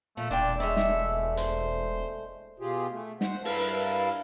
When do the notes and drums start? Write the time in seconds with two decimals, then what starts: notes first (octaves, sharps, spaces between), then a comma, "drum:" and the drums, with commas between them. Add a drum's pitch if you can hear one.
0.17 A#2 F3 A3
0.31 E1 A#2 D4 G5
0.60 G#3 A3 D5 E5
0.76 drum: snare
1.37 C5, drum: hi-hat
2.60 B2 F4 G4 G#4
2.90 A3
3.21 C5 F#5, drum: snare
3.45 G2 E4 A#4 B4 F5 A5, drum: open hi-hat